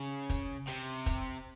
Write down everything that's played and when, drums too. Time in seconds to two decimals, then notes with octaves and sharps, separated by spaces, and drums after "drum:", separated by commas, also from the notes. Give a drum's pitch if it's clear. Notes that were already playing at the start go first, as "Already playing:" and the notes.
Already playing: C#3
0.29 drum: kick, hi-hat
0.68 C3, drum: hi-hat
1.06 drum: kick, hi-hat